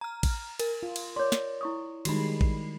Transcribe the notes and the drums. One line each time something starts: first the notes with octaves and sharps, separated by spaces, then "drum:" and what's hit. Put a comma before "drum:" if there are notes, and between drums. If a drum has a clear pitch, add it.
A#5 F6
drum: kick A1, cymbal
A#4, drum: cymbal
F4
drum: cymbal
C#5 D5 C6
drum: snare
E4 C#6 D#6
D#3 G3 G#3 D#4 F#4 B5 C7, drum: cymbal
drum: kick A1